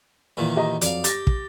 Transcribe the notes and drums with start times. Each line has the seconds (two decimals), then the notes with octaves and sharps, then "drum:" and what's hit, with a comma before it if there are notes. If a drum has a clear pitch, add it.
0.37 E2 A#2 D#3
0.56 G4 D#5 A#5
0.81 F2 F#3 D5 F5, drum: hi-hat
1.04 G4 A6 A#6, drum: hi-hat
1.27 drum: kick